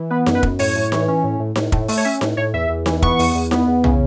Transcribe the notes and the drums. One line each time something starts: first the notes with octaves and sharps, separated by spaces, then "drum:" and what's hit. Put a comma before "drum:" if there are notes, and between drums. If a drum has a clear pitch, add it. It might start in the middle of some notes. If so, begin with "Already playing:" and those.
Already playing: E3
B3 B4
F#2, drum: snare D#4
B4
F#2, drum: kick
A2 C#5, drum: open hi-hat
A2
E3, drum: snare D#4
C#4
A2
A2
A2, drum: snare D#4
A2, drum: kick
A3, drum: open hi-hat
C#5
C#4 E5
A2, drum: snare D#4
A2 C#5
E2 E5
E2
E3, drum: snare D#4
B3 C#6, drum: kick
E2, drum: open hi-hat
E2
B3, drum: snare D#4
E2
C#3, drum: tom